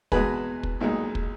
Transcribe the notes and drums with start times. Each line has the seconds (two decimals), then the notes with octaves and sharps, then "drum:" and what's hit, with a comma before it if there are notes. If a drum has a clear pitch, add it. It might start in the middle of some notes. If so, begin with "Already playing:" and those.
0.12 E2 B2 G#3 G#4 B4, drum: kick
0.63 drum: kick
0.81 B1 A#2 G#3 D#4
1.15 drum: kick